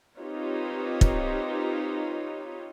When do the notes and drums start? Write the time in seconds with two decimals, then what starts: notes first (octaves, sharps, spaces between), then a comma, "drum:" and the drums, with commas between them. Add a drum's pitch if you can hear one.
0.18 C4 D#4 F4 G4 B4 C#5
1.01 drum: kick